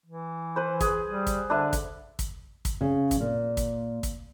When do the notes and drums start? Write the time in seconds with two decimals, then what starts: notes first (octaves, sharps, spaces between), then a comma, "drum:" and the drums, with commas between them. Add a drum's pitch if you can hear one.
0.06 E3
0.56 B4 C5
0.81 G#4, drum: kick, hi-hat
1.06 G3
1.27 drum: kick, hi-hat
1.50 D3 D4 B4 E5
1.73 drum: kick, hi-hat
2.19 drum: kick, hi-hat
2.65 drum: kick, hi-hat
2.81 C#3
3.11 drum: kick, hi-hat
3.20 A#2
3.57 drum: kick, hi-hat
4.03 drum: kick, hi-hat